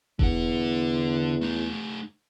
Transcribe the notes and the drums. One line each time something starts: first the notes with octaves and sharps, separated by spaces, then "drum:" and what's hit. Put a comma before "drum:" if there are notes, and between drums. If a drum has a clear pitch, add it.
E2 D3 F#5, drum: kick E1
A3 D#4